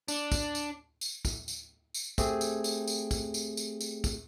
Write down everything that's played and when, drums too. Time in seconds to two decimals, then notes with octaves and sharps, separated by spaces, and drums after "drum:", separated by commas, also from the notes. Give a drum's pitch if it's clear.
0.08 D4, drum: tambourine
0.32 drum: kick, tambourine
0.55 drum: tambourine
1.01 drum: tambourine
1.25 drum: kick, tambourine
1.48 drum: tambourine
1.94 drum: tambourine
2.18 A3 C4 G4 G#4, drum: kick, tambourine
2.41 drum: tambourine
2.64 drum: tambourine
2.88 drum: tambourine
3.11 drum: kick, tambourine
3.34 drum: tambourine
3.57 drum: tambourine
3.81 drum: tambourine
4.04 drum: kick, tambourine